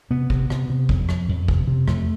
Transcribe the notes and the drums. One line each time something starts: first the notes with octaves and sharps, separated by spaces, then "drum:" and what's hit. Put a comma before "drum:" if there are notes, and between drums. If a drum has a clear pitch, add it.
C3 B3
C3, drum: kick
C3, drum: rim click
C3
F2, drum: kick
F2, drum: rim click
F2
C3, drum: kick
C3
F2 A3, drum: rim click